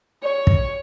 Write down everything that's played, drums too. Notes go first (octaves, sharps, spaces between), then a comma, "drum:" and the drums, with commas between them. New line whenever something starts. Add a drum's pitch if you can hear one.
C#5
drum: kick